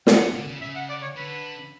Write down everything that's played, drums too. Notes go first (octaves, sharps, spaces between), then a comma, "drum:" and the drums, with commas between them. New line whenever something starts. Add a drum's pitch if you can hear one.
A3 F#5, drum: snare
E3
D3
C#3
C#3 E5
F#5
D5
C#5
D3 B4